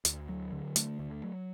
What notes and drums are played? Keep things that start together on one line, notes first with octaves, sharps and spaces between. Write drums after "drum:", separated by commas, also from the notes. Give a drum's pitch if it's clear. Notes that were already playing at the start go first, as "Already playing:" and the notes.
D2, drum: hi-hat
F#3
D3
A3, drum: hi-hat
D2
F#3